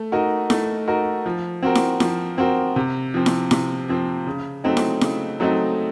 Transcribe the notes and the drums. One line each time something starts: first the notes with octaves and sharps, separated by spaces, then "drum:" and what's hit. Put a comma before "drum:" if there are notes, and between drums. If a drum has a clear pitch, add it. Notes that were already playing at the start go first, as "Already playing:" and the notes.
Already playing: A3
D#4 F#4 A#4
A3, drum: snare E4
D#4 F#4 A#4
F3
C4 F#4 A#4
drum: snare E4
F3, drum: snare E4
C4 F#4 A#4
C3
F3 C4
drum: snare E4
C3, drum: snare E4
F3 C4
C#3
F#3 A3 C4 D#4
drum: snare E4
C#3, drum: snare E4
F#3 A3 C4 D#4